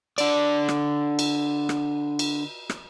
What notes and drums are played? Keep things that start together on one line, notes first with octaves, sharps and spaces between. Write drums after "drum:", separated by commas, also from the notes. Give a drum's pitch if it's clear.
D3 D5, drum: cymbal
drum: rim click
drum: cymbal
drum: rim click
drum: cymbal
drum: rim click